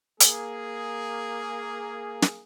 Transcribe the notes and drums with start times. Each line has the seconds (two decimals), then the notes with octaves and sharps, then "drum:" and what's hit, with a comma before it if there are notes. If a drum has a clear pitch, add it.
0.20 A#3 G#4, drum: hi-hat
2.22 drum: snare